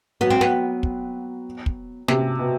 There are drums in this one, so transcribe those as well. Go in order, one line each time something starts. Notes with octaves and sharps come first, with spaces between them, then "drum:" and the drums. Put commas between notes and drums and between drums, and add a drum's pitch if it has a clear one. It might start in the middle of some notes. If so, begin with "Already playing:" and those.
F#3 B3
C4
B3, drum: snare
drum: kick
drum: kick
C3, drum: snare
B2